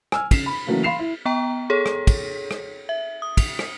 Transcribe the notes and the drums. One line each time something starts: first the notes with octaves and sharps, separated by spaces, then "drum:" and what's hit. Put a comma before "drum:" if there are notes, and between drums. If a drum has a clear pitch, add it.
G#5 E6 F6, drum: rim click
C#3 C7 E7, drum: kick, cymbal
B5
C#3 E3 F#3 A3 A#3
F5 B5 C6 C7 E7 F7
E4
B3 G5 A#5
G#4 A4 C#5
drum: rim click
drum: kick, cymbal
drum: rim click
E5
D#6
drum: kick, cymbal
drum: rim click